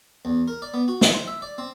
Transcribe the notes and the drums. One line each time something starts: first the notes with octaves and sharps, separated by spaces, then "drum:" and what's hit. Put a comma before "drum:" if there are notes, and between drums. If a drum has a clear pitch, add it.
E2
A#4
D5
B3
F#4
E3, drum: snare
C5
E5
D5
C4